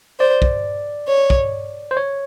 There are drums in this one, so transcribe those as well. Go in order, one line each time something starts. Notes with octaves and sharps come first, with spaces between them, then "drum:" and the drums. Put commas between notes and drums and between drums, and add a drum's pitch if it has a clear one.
C5 D5
drum: kick
C#5
drum: kick
C5
C#5